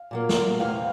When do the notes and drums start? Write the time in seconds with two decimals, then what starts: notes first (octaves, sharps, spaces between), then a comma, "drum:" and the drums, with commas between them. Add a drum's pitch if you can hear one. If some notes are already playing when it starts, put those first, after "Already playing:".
Already playing: F5
0.11 A#2 F#3 A#3
0.29 drum: snare
0.59 E2 C3 E3 F5